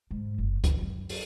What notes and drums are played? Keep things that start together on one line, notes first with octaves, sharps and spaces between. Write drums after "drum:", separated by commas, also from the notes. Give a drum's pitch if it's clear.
G#2
F#1
D#3, drum: kick C#2, hi-hat
F#2
drum: open hi-hat